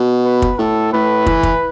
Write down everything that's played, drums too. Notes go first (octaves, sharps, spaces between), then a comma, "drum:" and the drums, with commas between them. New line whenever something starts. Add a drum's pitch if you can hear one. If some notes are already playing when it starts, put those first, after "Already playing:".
Already playing: B2
B4
drum: kick
A2 A4
A2 B4
E3, drum: kick
drum: kick